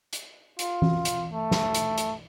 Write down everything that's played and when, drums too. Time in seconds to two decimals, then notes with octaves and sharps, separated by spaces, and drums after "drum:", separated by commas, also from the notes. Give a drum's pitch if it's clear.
0.13 drum: hi-hat
0.59 F4, drum: hi-hat
0.82 drum: tom E3
1.05 drum: hi-hat
1.32 A3
1.51 drum: snare
1.74 drum: hi-hat
1.98 drum: hi-hat